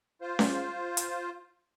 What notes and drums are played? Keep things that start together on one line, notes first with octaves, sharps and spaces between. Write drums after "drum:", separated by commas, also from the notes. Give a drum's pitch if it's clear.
F4 C5
drum: snare C#4
drum: hi-hat